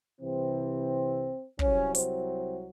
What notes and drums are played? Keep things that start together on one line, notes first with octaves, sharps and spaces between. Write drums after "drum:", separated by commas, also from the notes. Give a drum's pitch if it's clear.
C2 C3 E3 C4
C2 C3 F#3 C#4, drum: kick
C4, drum: hi-hat